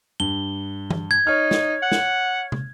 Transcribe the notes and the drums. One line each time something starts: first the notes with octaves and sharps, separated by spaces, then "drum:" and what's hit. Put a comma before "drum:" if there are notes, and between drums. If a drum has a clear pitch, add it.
G2 G7
drum: tom E3
G#6
D#4 C#5 F6
drum: snare
F#5
drum: snare
drum: tom